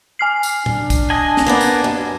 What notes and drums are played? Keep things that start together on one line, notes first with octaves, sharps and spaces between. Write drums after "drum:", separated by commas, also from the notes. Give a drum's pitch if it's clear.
G#5 F6 C7
drum: tambourine
D4, drum: tom A#2
drum: kick, tambourine
D#5 G#5 A5
drum: snare
A#3 B3 D5
drum: tambourine
F#2